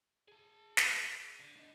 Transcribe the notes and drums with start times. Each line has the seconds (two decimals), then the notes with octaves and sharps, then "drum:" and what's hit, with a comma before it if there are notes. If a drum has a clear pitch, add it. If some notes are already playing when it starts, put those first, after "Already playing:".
0.28 G#4 A5
0.77 drum: snare
1.40 D3
1.56 D4 D#5